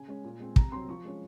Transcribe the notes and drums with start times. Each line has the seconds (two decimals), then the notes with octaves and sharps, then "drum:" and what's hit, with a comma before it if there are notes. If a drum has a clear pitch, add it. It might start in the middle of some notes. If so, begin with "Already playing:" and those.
Already playing: C#3 G#5
0.08 G#3 C#4
0.24 A#2
0.40 G#3 C4
0.56 C3 A#5, drum: kick
0.72 F#3 C4 C6
0.89 F3 C#6
1.05 G#3 C#4